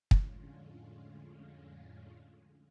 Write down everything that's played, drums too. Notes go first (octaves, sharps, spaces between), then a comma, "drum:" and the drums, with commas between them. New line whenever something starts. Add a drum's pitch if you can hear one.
F2 A2 D3 G#3 C#4 F4, drum: kick